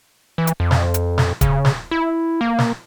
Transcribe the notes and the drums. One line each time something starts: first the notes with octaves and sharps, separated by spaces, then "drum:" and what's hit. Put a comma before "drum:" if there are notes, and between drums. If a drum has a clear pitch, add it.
E3
drum: hi-hat
F2
drum: snare
drum: hi-hat
drum: snare
C#3, drum: kick, hi-hat
drum: snare
E4
A#3
drum: snare